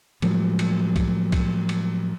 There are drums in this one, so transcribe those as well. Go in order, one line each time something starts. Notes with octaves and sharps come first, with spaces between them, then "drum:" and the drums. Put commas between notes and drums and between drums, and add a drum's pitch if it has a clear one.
A2 F3 F#3 G#3, drum: cymbal
drum: cymbal
drum: kick C2, cymbal
drum: kick C2, cymbal
drum: cymbal